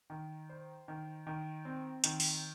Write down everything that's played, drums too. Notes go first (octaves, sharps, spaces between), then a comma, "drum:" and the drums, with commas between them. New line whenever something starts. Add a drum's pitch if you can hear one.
D#3
C5
D#3
D#3
C4
D#3, drum: hi-hat
drum: open hi-hat